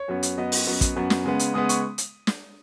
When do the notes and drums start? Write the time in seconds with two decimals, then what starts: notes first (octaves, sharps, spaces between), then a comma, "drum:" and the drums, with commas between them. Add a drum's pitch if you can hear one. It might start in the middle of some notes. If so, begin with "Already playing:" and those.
Already playing: C#5
0.08 F#2 F#3 B3
0.23 drum: hi-hat
0.37 F#2 F#3 B3 D#5
0.52 drum: open hi-hat
0.67 F#2 F#3 B3
0.81 drum: kick, hi-hat
0.96 F#2 F#3 B3
1.10 drum: snare
1.24 C#3 G#3 B3
1.39 drum: hi-hat
1.54 C#3 G#3 B3 D#6
1.69 C#6, drum: hi-hat
1.98 drum: hi-hat
2.27 drum: snare